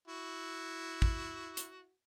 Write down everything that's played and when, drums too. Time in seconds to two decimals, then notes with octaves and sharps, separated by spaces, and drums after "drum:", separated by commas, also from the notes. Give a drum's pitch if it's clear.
0.08 E4 F#4
1.02 drum: kick
1.57 drum: hi-hat